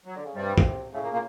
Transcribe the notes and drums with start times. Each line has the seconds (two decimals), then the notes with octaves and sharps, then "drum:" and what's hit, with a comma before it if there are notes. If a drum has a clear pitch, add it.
0.06 F#3
0.16 D3
0.25 C#3
0.35 G2 C3 G3
0.58 drum: kick
0.93 A2 C#3 A3
1.03 A#2 A#3
1.13 A#2 A#3